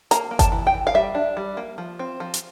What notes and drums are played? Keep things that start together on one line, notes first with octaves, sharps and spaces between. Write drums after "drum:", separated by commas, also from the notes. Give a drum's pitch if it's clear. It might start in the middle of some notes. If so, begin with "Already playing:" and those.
A#3 A#5, drum: hi-hat
A#3
A5, drum: kick G1, hi-hat
E3
G5
E3
F5
G3 E5
D4
G3
A#3
F3
C4
F3
drum: hi-hat